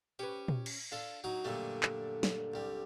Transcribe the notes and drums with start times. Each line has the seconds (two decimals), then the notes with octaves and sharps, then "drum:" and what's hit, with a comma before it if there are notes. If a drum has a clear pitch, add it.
0.19 C#4 G4 B4
0.48 drum: tom A#2
0.66 drum: cymbal
0.92 D4 F4 A4
1.24 F#3 D#4 F#4
1.45 F#2 A#2 D3 G3 A3
1.83 drum: clap
2.23 drum: snare
2.54 C2 G3